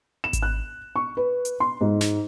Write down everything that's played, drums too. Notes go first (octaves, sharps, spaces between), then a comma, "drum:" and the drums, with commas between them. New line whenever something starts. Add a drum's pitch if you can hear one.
E7
drum: kick G#1, hi-hat
F#6
C#6
B4
drum: hi-hat
C6
G#2
drum: snare